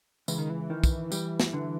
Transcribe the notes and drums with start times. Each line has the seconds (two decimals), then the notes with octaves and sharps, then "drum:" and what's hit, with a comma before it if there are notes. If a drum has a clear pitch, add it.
0.28 C#2 E3, drum: tambourine
0.38 D#3
0.50 E3
0.70 D#3
0.84 drum: kick, tambourine
1.12 G3, drum: tambourine
1.40 drum: snare
1.53 D3